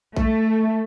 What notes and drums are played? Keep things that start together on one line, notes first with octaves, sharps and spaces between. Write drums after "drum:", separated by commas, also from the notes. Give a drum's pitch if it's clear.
A3, drum: kick A#1